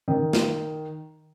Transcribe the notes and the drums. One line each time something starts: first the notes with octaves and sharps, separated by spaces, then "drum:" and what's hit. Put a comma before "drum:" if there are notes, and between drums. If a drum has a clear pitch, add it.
D#3
drum: snare